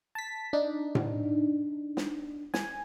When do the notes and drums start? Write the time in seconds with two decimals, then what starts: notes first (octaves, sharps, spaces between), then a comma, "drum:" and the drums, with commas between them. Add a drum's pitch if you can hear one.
0.15 A5 B6
0.53 D4 D#4
0.95 drum: tom A2
1.97 drum: snare
2.54 G#5, drum: snare